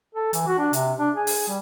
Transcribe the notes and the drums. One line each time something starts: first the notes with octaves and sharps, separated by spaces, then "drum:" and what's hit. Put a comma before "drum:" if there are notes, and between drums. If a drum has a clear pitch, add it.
A4
E3, drum: hi-hat
F#4
D4
C3, drum: hi-hat
D4
G#4
drum: open hi-hat
G3